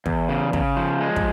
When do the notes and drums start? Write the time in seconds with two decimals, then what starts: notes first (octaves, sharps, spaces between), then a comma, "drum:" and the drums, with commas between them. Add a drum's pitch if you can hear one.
0.06 E2, drum: kick
0.29 C#3
0.53 C#3, drum: kick
0.77 F3
1.01 G#3
1.16 drum: kick